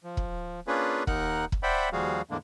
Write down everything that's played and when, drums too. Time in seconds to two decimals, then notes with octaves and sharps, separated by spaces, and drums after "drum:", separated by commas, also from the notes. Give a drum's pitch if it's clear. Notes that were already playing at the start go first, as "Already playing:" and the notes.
0.04 F3
0.17 drum: kick
0.67 A#3 C#4 D4 F4 G#4 B4
1.07 D#2 D#4 A#4 F#5 F#6, drum: kick
1.52 drum: kick
1.63 C5 D5 E5 F#5 G5 B5
1.93 D#2 F3 G3 F#4 G#4 F5
2.30 E2 A2 D3 G#3 A#3 D4